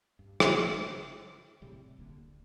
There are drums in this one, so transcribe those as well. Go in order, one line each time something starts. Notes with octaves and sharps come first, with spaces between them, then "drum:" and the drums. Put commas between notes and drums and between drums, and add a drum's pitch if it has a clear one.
G2
F1, drum: rim click
C#3
A2 C3 G3
D1 G#1 D3 A#3